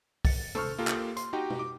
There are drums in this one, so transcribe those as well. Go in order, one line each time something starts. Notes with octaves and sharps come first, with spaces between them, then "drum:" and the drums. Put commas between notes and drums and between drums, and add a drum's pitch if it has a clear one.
A6 C#7, drum: kick, open hi-hat
A4 C5 C#6 F6, drum: tom
A#3 F4 G4 A4 A#4
drum: clap
C6, drum: hi-hat
D#4 F#4 G4 D#5 G5
drum: tom
D6